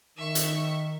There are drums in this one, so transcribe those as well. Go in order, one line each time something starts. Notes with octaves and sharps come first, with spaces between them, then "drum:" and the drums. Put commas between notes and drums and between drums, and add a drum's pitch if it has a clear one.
D#3 E5 C#6
drum: hi-hat